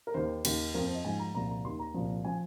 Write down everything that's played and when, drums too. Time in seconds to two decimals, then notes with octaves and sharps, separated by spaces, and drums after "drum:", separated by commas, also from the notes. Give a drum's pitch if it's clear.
0.07 A#4
0.14 D#2 D#3 C5
0.45 D#2 D#3, drum: cymbal
0.74 F2 F3 A#4
0.85 C5
0.95 D#5
1.05 G#2 F3 G#5
1.19 A#5
1.35 C2 A#2 F3 A#5
1.49 A#5
1.64 D#2 D#3 C6
1.79 A#5
1.94 C2 A#2 F3
2.25 F3 G#5